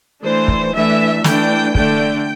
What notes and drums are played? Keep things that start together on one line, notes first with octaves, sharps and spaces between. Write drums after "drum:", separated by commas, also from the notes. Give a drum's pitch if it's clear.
E3 A3 D4 C5
drum: kick
E3 A3 D4 E5
E3 A3 D4 G5, drum: snare
D3 A3 D4 G5, drum: kick